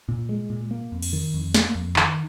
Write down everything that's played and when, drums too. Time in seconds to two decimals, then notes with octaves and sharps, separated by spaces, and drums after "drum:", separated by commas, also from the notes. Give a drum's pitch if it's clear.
0.09 A#2
0.29 G#3
0.50 A#2
0.71 A#3
0.92 F2
1.02 drum: cymbal
1.13 D#3
1.34 F2
1.54 A#3, drum: snare
1.75 F2
1.96 D#3, drum: clap